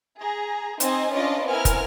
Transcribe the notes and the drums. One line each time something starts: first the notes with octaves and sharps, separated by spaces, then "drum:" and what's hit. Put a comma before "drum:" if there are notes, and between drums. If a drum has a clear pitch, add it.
G#4 A#5
C4 D#4 D#5 G#5, drum: hi-hat
C#4 D4 F4 B4 D5 D#5
B3 C4 E4 A#4 G#5 F6
drum: kick, hi-hat